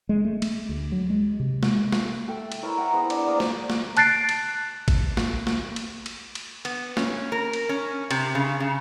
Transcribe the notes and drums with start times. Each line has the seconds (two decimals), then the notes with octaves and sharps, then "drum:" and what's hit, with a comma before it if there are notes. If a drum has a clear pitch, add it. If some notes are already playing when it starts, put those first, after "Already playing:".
0.09 G#3
0.25 A3
0.42 A3, drum: cymbal
0.69 D2
0.92 F#3
1.10 G#3
1.40 C3
1.63 G#3, drum: snare
1.92 drum: snare
2.28 A4 E5 G5
2.52 drum: cymbal
2.63 E4 A#4 B4 C#5
2.77 A#4 F#5 G5 A#5
2.93 B3 G#4 C5
3.10 D4 A#5, drum: cymbal
3.27 A#3 C5 D5 D#6
3.40 drum: snare
3.70 drum: snare
3.97 A5 F#6 A6 C7 D7, drum: cymbal
4.29 drum: cymbal
4.88 drum: kick G#1, cymbal
5.17 drum: snare
5.47 drum: snare
5.76 drum: cymbal
6.06 drum: cymbal
6.35 drum: cymbal
6.65 B3, drum: cymbal
6.97 C#4, drum: snare
7.32 A#4
7.53 drum: cymbal
7.69 C#4
8.11 C3, drum: cymbal
8.35 C#3
8.60 C#3